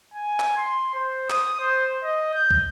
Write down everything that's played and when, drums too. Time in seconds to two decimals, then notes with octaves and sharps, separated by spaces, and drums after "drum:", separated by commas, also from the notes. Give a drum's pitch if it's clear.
0.14 G#5
0.40 drum: clap
0.57 C6
0.94 C5
1.30 D#6, drum: clap
1.60 C5
2.04 D#5
2.34 G6
2.51 drum: kick